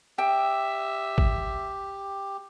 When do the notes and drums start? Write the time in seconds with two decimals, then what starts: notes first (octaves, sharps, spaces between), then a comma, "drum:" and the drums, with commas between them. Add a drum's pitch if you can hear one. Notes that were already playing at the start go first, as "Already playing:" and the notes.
0.18 G4 E5 G5
1.18 drum: kick G#1